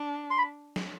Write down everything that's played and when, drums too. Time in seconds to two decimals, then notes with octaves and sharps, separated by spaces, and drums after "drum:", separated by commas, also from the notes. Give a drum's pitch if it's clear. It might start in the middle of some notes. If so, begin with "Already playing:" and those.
Already playing: D4
0.30 C6
0.38 B5
0.76 drum: snare